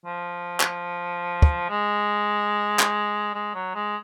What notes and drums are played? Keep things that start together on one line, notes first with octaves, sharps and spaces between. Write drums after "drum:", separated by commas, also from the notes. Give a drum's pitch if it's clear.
F3
drum: clap
drum: kick
G#3
drum: clap
G#3
F#3
G#3